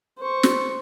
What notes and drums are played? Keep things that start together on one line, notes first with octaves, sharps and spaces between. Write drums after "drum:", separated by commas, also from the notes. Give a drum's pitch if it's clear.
C5 C#6
drum: snare